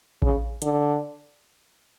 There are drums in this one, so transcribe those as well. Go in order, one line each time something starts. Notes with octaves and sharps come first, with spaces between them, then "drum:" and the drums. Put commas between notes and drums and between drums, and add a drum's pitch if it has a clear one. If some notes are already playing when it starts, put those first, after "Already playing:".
C#3, drum: kick A1
D3, drum: hi-hat